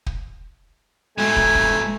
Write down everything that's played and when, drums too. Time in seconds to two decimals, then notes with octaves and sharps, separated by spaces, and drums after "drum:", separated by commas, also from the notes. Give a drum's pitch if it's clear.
0.06 drum: kick
1.18 G#2 B2 A3 G#5
1.36 drum: kick
1.55 drum: kick